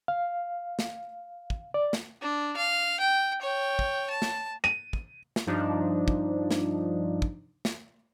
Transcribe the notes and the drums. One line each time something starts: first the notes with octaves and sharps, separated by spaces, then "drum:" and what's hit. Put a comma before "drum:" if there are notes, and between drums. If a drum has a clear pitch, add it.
F5
drum: snare
drum: kick
D5
drum: snare
D4
F5
G5
C#5 G5
drum: kick
A5
drum: snare
D#7
drum: kick
drum: snare
G2 F3 D4 D#4
drum: kick
drum: snare
drum: kick
drum: snare